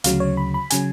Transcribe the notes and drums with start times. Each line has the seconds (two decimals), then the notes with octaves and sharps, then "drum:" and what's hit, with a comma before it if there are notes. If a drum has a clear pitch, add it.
0.04 D2 C#3 F#3 F5, drum: hi-hat
0.20 C#5
0.37 B5
0.54 B5
0.70 C#3 F#3 G#5, drum: hi-hat